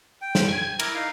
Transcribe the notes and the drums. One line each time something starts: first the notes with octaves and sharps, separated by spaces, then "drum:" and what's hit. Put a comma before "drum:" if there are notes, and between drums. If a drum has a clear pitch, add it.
G5
drum: snare
G#5 G#6
E4 A#4 A#5 D6 G#6, drum: cymbal
D#4 F5